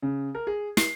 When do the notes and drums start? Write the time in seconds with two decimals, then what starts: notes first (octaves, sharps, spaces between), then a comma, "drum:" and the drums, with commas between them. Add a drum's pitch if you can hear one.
0.02 C#3
0.35 A#4
0.47 G#4
0.77 C7, drum: snare